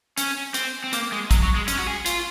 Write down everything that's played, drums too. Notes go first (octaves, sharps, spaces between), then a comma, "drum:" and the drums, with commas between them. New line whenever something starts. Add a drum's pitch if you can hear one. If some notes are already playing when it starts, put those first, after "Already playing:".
C#4, drum: hi-hat
C4, drum: hi-hat
C4
A#3, drum: hi-hat
G#3
F#3, drum: kick, hi-hat
F#3
G#3
C#4, drum: hi-hat
F#4
G#4
F4, drum: hi-hat